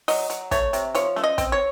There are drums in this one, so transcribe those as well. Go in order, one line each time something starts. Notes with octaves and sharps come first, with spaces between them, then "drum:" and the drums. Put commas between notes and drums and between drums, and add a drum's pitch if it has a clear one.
F#3 D#5, drum: open hi-hat
F#3, drum: hi-hat
A3 C#5, drum: kick, hi-hat
C3, drum: hi-hat
F3 C#5, drum: hi-hat
A3, drum: snare C#4
D#5
C4, drum: kick, hi-hat
C#5